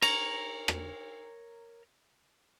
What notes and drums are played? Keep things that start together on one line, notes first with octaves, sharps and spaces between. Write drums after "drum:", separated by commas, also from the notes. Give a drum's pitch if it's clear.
A#4 C#5 A#5, drum: cymbal
drum: rim click